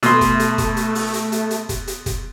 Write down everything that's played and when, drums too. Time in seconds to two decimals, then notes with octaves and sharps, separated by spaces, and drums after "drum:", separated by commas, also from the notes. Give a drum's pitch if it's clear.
0.03 B2 A3 C6, drum: hi-hat
0.21 drum: kick, hi-hat
0.40 drum: hi-hat
0.58 drum: kick, hi-hat
0.77 drum: hi-hat
0.95 drum: open hi-hat
1.14 drum: hi-hat
1.32 drum: hi-hat
1.51 drum: hi-hat
1.69 drum: kick, hi-hat
1.88 drum: hi-hat
2.06 drum: kick, hi-hat